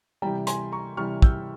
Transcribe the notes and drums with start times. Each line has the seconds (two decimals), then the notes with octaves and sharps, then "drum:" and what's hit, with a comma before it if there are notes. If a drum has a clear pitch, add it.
0.22 C3 E3 G3 G5 A#5
0.47 G#5 C6, drum: hi-hat
0.72 A#5 C#6
0.97 C3 E3 G3 C#6 F6
1.22 E6 G6, drum: kick